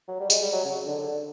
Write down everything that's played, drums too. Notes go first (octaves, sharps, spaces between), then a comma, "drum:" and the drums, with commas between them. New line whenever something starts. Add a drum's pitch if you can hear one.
F#3
G3
G#3, drum: tambourine
G3
F#3
C#3
D3
D3